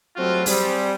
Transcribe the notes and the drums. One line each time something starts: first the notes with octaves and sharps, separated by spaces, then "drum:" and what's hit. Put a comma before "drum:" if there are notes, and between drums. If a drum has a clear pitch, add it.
F#3 G3 A3 C4 F4 F#4
G3 C4 G#4, drum: open hi-hat